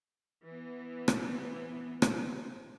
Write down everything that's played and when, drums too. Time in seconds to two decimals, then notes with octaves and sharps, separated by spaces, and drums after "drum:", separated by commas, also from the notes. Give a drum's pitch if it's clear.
0.45 E3 B3
1.08 drum: rim click
2.02 drum: rim click